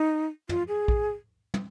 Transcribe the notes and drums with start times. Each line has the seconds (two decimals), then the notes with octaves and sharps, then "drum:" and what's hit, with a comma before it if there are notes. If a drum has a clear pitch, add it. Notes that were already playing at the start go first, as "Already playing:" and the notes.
Already playing: D#4
0.49 F4, drum: tom
0.68 G#4
0.88 drum: kick
1.54 drum: tom